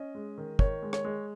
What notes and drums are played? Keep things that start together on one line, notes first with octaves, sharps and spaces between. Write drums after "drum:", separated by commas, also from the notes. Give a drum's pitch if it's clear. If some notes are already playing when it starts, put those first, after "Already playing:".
Already playing: C#4 D#5
G#3
D#3
D#3 C#5, drum: kick
G#3
C#5, drum: rim click
G#3